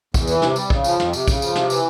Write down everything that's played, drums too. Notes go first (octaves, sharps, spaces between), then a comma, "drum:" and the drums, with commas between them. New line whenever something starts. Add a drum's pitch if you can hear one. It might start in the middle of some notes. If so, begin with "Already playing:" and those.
E2, drum: kick, tambourine
E3, drum: tambourine
C3, drum: snare
G3, drum: tambourine
C#3, drum: kick
F3, drum: tambourine
F2, drum: snare
C3, drum: tambourine
C#3, drum: kick, tambourine
F3, drum: tambourine
C3, drum: snare
E3, drum: tambourine